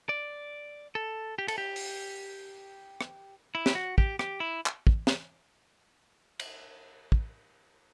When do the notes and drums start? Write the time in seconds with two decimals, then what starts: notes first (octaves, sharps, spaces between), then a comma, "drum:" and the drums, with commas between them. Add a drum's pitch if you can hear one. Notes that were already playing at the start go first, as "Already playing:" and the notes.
0.09 D5
0.95 A4
1.38 G4
1.48 A4, drum: cymbal
1.58 G4
1.76 drum: open hi-hat
3.01 drum: rim click
3.55 E4
3.66 G4, drum: snare
3.75 F#4
3.98 G4, drum: kick
4.19 G4, drum: rim click
4.40 E4
4.66 drum: clap
4.87 drum: kick
5.07 drum: snare
6.40 drum: cymbal
7.12 drum: kick